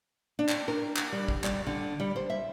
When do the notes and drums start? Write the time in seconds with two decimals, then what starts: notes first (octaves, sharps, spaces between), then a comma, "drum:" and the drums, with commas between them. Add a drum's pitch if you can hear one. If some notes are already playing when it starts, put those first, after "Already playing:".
0.39 D4
0.49 drum: clap
0.68 A#4
0.97 drum: clap
1.12 G3
1.28 drum: kick G#1
1.44 G3, drum: clap
1.67 D3
2.00 G3
2.16 C5
2.30 E5